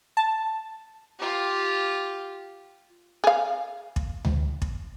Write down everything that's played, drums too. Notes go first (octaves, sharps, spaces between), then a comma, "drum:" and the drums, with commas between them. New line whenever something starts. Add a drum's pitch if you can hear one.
A5
F4 G4
G#4 F5
drum: kick
drum: tom D2
drum: kick